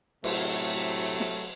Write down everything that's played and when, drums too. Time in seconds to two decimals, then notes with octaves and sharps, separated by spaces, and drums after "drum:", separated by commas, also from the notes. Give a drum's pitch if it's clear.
0.24 A2 C3 F#3 A3, drum: cymbal
1.20 drum: snare